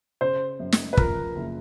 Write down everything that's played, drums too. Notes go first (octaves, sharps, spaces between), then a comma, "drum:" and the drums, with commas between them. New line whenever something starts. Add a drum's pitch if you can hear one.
C#3 C5
F#2
drum: snare
B4
F3 A#4, drum: kick
F#1